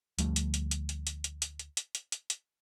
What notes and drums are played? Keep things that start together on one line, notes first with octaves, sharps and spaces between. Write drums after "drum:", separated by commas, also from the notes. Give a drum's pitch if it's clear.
D2 F3 G3 A3, drum: hi-hat
drum: hi-hat
drum: hi-hat
drum: hi-hat
drum: hi-hat
drum: hi-hat
drum: hi-hat
drum: hi-hat
drum: hi-hat
drum: hi-hat
drum: hi-hat
drum: hi-hat
drum: hi-hat